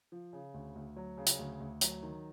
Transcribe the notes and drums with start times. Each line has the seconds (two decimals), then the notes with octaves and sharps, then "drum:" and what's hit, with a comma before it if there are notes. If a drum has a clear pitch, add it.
0.12 F3
0.33 C#3
0.54 D2
0.75 D2
0.96 F#3
1.18 C#3
1.27 drum: hi-hat
1.39 D2
1.60 D2
1.81 F#3, drum: hi-hat
2.03 D#3